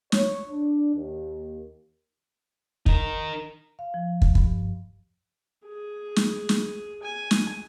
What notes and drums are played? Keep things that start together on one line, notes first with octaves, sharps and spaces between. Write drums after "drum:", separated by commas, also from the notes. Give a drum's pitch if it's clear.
C#5, drum: snare
D4
D#2
D#4 A#4, drum: kick
F5
F3
drum: kick
G2, drum: kick
G#4
drum: snare
drum: snare
G#5
drum: snare